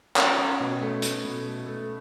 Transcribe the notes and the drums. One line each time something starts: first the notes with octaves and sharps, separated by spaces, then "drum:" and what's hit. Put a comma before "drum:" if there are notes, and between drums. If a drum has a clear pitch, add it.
C#4, drum: clap
C#4
B2
A3
A3, drum: hi-hat
B2
A3
A3